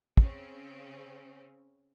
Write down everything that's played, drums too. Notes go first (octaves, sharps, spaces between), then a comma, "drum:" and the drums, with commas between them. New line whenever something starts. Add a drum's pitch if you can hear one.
C#3 C4 C#4, drum: kick